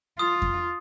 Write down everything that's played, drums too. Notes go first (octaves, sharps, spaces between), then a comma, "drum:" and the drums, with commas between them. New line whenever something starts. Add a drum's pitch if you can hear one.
F4 D#6
drum: kick F2